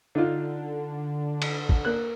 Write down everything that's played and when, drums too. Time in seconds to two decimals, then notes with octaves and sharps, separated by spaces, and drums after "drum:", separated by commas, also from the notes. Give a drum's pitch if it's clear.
0.15 D3 D#4 F4
1.42 drum: cymbal
1.69 drum: kick
1.85 A#3 F#6